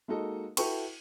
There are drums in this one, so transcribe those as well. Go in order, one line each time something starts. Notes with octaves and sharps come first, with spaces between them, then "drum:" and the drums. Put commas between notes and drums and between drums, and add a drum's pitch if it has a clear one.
G#3 A#3 D#4 F#4 A4 D#5
E4 F#4 A4 B4 G5 C#6, drum: cymbal